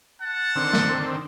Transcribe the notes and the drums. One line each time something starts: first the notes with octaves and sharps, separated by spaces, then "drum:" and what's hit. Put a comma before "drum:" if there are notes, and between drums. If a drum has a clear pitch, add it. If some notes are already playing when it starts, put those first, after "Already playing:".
F#5 A5
D3 D#3 C4
drum: snare